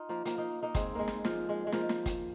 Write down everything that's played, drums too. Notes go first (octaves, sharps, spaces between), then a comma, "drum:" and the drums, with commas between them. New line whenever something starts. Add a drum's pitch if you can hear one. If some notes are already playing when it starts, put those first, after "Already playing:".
Already playing: D#4 F4
F3 A#3
F3 A#3, drum: hi-hat
A#3 D#4
A#3 D#4
G#3 C4, drum: kick, hi-hat
G#3 A#3
drum: snare
F3, drum: snare
G#3
G#3
F3 A#3, drum: snare
drum: snare
drum: kick, hi-hat